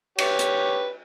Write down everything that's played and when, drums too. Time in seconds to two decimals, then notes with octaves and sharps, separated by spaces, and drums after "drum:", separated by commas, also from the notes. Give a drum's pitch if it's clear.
0.19 G4 B4 C#5, drum: cymbal
0.39 drum: hi-hat